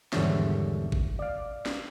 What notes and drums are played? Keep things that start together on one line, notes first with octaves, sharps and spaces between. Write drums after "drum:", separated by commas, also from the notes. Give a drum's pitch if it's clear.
G#1 E2 D3 G3 C#5 E5, drum: snare
drum: kick G1
D5 F5
drum: snare